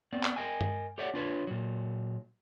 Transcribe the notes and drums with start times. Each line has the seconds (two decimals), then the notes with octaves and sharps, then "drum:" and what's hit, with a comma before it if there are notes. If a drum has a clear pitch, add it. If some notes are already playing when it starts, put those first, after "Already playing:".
0.13 B3 C4 D5
0.23 drum: clap
0.36 A#4 B4 D#5 G5 G#5
0.61 drum: tom G2
0.98 G4 A4 C#5 D5 E5 F#5
1.14 D4 F4 B4 C#5
1.47 A#2 F#3